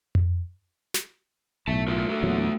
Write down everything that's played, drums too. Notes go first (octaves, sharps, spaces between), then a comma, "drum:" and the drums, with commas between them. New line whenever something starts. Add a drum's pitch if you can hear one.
drum: tom F2
drum: snare
B1 A2 E5 A5
A3 F4 A#4
A3 F#4 A4
E2 A#2 F#3